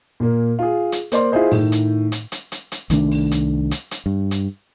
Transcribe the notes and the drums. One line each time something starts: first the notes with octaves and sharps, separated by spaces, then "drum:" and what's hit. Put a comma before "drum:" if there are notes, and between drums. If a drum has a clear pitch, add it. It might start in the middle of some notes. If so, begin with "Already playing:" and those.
A#2 A#3
F4 G#4
drum: hi-hat
A#3 C5 D5 C6, drum: hi-hat
E4 F4 G#4 C5 D#5
A2 D#3, drum: open hi-hat
drum: hi-hat
drum: hi-hat
drum: hi-hat
drum: hi-hat
drum: hi-hat
C2 D#3 A3 D4, drum: hi-hat
drum: open hi-hat
drum: hi-hat
drum: hi-hat
drum: hi-hat
G2
drum: hi-hat